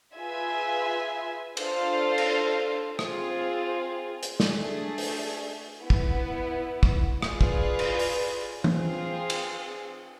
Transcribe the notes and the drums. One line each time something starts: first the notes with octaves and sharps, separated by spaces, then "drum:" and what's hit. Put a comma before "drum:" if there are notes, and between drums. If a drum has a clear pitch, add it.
F4 G#4 B4 E5 G#5
D4 F4 A4 C5 F5, drum: cymbal
drum: cymbal
C4 F4 G#4, drum: rim click
drum: hi-hat
A3 D4 G#4, drum: snare
drum: open hi-hat
B3 E4 B4
drum: kick
drum: kick
F4 G#4 B4 D5, drum: rim click
drum: kick
drum: cymbal
drum: open hi-hat
C4 F4 G#4, drum: tom
drum: cymbal